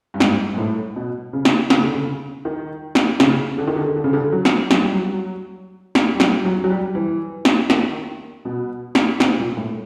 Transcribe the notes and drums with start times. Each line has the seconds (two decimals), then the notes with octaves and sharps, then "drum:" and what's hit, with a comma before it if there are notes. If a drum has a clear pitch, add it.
0.14 G2
0.20 G#2, drum: snare
0.54 G#2
0.58 A2
0.96 B2
1.33 C#3
1.45 drum: snare
1.70 C#3, drum: snare
1.83 D3
1.95 C#3
2.45 D#3
2.95 drum: snare
3.20 C#3, drum: snare
3.58 D3
3.67 D#3
3.76 D3
3.96 D3
4.04 C#3
4.13 D3
4.32 F#3
4.45 drum: snare
4.71 F#3, drum: snare
4.82 G3
4.93 F#3
5.95 drum: snare
6.14 G3
6.20 F#3, drum: snare
6.45 F#3
6.64 F#3
6.70 G3
6.95 E3
7.45 drum: snare
7.70 D#3, drum: snare
8.45 B2
8.95 drum: snare
9.20 C3, drum: snare
9.39 A#2
9.57 A2